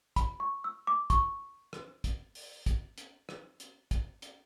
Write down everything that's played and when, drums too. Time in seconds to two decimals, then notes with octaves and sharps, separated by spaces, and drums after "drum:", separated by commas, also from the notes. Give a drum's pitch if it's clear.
0.16 B5, drum: kick, hi-hat
0.40 C#6
0.64 E6
0.87 D6
1.10 C#6, drum: kick, hi-hat
1.73 drum: rim click
2.04 drum: kick, hi-hat
2.35 drum: open hi-hat
2.66 drum: kick, hi-hat
2.98 drum: hi-hat
3.29 drum: rim click
3.60 drum: hi-hat
3.91 drum: kick, hi-hat
4.22 drum: hi-hat